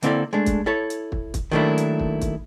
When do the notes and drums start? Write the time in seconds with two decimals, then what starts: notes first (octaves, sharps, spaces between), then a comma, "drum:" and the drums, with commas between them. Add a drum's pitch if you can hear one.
0.02 D3 A#3 C4 E4 A4 D5, drum: hi-hat
0.33 G#3 A3 D4
0.46 drum: kick, hi-hat
0.66 E4 A4 C#5
0.90 drum: hi-hat
1.12 drum: kick
1.34 drum: kick, hi-hat
1.51 D#3 F#3 A3 A#3 D4 E4
1.78 drum: hi-hat
1.99 drum: kick
2.21 drum: kick, hi-hat